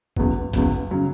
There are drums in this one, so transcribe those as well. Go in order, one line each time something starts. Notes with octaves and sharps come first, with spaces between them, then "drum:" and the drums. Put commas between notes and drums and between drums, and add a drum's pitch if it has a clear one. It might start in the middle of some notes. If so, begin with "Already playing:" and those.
E2 C#3 F#3 B3, drum: kick
E2 C#3 F#3 B3, drum: kick, hi-hat
C#3 F#3